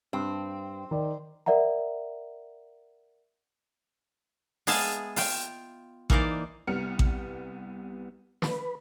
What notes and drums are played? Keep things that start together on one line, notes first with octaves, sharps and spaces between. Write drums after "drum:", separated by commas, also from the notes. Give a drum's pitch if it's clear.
G2 C4
D#3 D5
A#4 D5 E5 F#5 A#5
G#3 B3 G#4 E5 F5 A5, drum: open hi-hat
F4 G5, drum: open hi-hat
E3 A#3 D#4 C5 D5, drum: kick A1
C2 G3 B3 F6 C#7
drum: kick A1
B4, drum: snare